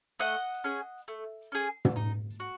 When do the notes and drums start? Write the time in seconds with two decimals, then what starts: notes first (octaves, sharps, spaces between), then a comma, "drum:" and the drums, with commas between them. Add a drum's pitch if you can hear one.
0.19 A3 D#5 F#5
0.64 C#4 G#4
1.08 A3
1.52 C#4 G#4
1.85 drum: tom
1.96 D#4
2.40 F#4